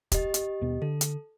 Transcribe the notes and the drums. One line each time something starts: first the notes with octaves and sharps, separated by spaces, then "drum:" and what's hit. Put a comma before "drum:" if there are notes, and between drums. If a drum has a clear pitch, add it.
G4 D#5, drum: kick, hi-hat
drum: hi-hat
D#2 B2 B3
D3 A4
drum: hi-hat